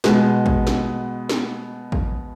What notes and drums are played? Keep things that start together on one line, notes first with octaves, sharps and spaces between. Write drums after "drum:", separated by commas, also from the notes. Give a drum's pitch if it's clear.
B2 G#3 B3, drum: snare
drum: kick A1
drum: snare
drum: snare
drum: kick A1